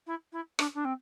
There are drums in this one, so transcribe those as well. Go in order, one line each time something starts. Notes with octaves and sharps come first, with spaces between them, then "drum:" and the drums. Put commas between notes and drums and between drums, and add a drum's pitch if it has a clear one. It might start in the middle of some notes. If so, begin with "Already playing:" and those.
E4
E4
D4, drum: rim click
D4
C4